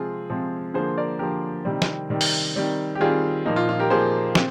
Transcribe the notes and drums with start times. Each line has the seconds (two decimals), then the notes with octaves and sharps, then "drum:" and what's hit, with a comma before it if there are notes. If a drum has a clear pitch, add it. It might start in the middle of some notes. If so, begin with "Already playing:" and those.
Already playing: C3 F3 G#3 C4 F4 G#4
0.30 C3 F3 G#3 C4
0.74 D3 F3 A#3 G#4 C5
0.98 A#4 D5
1.19 D3 F3 A#3 G4 A#4
1.65 C3 D#3 G3 C4
1.82 drum: snare
2.10 C3 D#3 G3 C4
2.21 drum: open hi-hat
2.55 D#3 G3 C4
2.95 G4
3.00 D#3 G3 C4 F4 G#4
3.46 A#2 F3 A#3 D#4
3.56 F4
3.69 F4
3.79 G4 A#4
3.90 A#2 F3 A#3 G#4 C5
4.35 C4, drum: snare